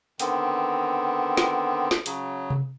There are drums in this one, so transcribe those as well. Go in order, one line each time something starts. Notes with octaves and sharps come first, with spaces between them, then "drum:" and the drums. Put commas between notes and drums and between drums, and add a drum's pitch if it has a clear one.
D3 D#3 B3 C4, drum: hi-hat
drum: snare
drum: snare
C#3 F#3, drum: hi-hat
drum: tom C3